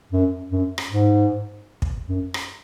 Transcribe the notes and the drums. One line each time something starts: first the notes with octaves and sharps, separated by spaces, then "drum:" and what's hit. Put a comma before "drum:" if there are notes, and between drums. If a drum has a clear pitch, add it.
F#2
F#2
drum: rim click
G#2
drum: kick
F#2
drum: rim click